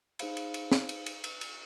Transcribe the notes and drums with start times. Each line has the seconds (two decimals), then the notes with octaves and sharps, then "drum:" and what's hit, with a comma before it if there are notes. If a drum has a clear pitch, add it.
0.19 D#4 G#4 C5 F5 B5, drum: cymbal
0.37 drum: cymbal
0.54 drum: cymbal
0.72 drum: snare
0.89 drum: cymbal
1.06 drum: cymbal
1.24 drum: cymbal
1.41 drum: cymbal